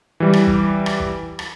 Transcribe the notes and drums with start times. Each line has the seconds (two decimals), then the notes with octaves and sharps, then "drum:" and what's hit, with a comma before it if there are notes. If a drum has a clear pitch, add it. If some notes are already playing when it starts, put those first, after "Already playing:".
0.20 E3 G3
0.33 drum: rim click
0.47 drum: kick
0.86 drum: rim click
0.99 drum: kick
1.39 drum: rim click